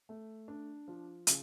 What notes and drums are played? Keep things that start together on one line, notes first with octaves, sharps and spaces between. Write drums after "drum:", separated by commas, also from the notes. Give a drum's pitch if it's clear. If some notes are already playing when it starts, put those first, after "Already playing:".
A3
D4
F3
C#3, drum: hi-hat